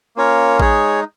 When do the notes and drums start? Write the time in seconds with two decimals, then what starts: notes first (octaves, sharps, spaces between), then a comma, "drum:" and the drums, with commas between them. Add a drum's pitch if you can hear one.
0.16 A#3 C#4 F4 A#4 C#5
0.60 G#3 D#4 G#4 C#5, drum: kick A1